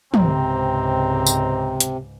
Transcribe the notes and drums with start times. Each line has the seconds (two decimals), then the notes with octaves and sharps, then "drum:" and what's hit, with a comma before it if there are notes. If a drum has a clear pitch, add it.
0.14 C#2 G#2 C3 C4 A#5, drum: tom
1.27 drum: tambourine
1.80 drum: hi-hat